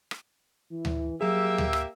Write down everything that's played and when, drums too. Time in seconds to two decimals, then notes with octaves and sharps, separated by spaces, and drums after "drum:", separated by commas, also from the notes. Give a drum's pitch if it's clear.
0.11 drum: rim click
0.70 E3
0.85 drum: tom D2
1.21 F#3 A#3 G4 G#4 E5 E6
1.58 drum: tom D2
1.73 drum: rim click